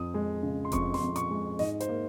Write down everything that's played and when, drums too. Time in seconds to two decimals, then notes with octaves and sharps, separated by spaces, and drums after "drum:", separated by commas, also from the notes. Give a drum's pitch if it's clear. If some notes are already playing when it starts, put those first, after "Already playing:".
Already playing: F2 D#6
0.14 G#3
0.43 C#3
0.65 C6
0.72 F2 C#6, drum: kick F1, hi-hat
0.94 C6, drum: snare
1.01 F2
1.16 C#6, drum: hi-hat
1.31 G#3
1.59 G#2 D#5, drum: snare
1.80 C5, drum: hi-hat
1.89 A#3